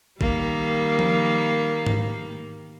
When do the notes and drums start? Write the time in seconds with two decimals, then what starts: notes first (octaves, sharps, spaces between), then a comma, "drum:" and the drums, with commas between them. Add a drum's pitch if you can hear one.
0.21 D#3 G3 A#3, drum: kick G#1
0.99 drum: tom F3
1.86 drum: tom G#2